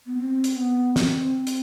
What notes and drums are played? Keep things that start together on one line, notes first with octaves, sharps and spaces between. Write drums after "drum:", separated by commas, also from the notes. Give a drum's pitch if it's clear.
B3
C4
drum: hi-hat
B3
C4, drum: snare
drum: hi-hat